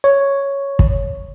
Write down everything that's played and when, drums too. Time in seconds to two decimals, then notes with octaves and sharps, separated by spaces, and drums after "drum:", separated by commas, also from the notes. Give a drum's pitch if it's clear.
0.04 C#5
0.79 drum: kick